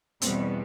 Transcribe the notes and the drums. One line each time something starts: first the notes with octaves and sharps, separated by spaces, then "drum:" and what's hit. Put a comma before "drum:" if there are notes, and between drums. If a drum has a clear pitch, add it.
E2 B2 G3 B3 C4, drum: hi-hat